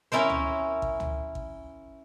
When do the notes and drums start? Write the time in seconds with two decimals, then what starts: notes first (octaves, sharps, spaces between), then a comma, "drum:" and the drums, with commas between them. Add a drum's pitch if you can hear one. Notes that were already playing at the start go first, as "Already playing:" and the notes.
0.12 C#4 E4 A#4 C5
0.29 drum: tom
0.82 drum: kick G#1
1.00 drum: tom
1.35 drum: kick G#1